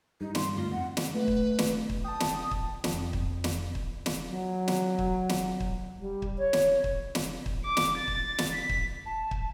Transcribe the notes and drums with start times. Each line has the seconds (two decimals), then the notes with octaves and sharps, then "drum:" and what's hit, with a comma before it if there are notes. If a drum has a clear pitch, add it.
0.21 G2 D#4
0.35 C6, drum: snare
0.57 D2 F4 C6 A#6
0.71 F2 F#5
0.97 drum: snare
1.14 A3 B4
1.28 drum: kick
1.59 drum: snare
1.89 drum: kick
2.04 G5 A5 D#6
2.20 drum: snare
2.51 drum: kick
2.84 F2, drum: snare
3.13 drum: kick
3.44 drum: snare
3.75 drum: kick
4.06 drum: snare
4.28 F#3
4.68 drum: snare
4.99 drum: kick
5.29 drum: snare
5.60 drum: kick
5.98 G3
6.22 drum: kick
6.38 C#5
6.53 drum: snare
6.84 drum: kick
7.15 drum: snare
7.46 drum: kick
7.65 D6
7.77 drum: snare
7.98 A6
8.08 drum: kick
8.38 drum: snare
8.54 B6
8.69 drum: kick
9.05 A5
9.31 drum: kick